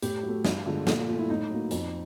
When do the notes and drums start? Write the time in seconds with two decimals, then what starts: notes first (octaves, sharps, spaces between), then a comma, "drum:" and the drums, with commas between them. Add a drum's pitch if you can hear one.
0.02 A2 G4, drum: hi-hat
0.23 F#3
0.28 A3
0.45 G2, drum: snare
0.66 D3 F3 G#3
0.87 A#2 A4, drum: snare
0.98 F4
1.08 F3 A3
1.19 E4
1.29 A2 D#4
1.51 F#3 A#3
1.71 F2, drum: hi-hat